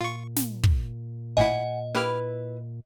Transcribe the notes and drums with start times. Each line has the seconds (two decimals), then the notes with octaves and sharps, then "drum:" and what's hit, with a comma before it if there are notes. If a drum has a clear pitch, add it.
0.01 A#2 F4 C#6
0.36 drum: snare
0.63 drum: kick
1.37 G#1 A2 E4 D#5 F#5 G#5
1.94 A#3 E4 G4 B4 F6